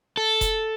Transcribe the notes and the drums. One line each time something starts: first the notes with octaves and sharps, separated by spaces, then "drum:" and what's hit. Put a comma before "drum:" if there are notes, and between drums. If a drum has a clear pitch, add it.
A4
drum: kick F1, hi-hat